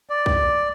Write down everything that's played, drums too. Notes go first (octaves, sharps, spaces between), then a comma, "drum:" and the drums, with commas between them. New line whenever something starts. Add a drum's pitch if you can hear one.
D5
drum: kick